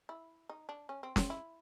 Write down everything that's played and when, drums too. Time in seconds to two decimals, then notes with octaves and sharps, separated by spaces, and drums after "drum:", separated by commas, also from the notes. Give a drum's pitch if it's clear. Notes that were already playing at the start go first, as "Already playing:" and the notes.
0.09 E4
0.49 D#4
0.69 D4
0.89 C#4
1.03 C4
1.16 C4, drum: snare
1.30 E4